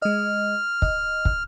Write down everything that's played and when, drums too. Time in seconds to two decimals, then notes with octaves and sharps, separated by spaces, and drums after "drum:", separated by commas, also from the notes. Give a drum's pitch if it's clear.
0.02 G#3 D#5 F6
0.82 D#5, drum: kick
1.25 drum: kick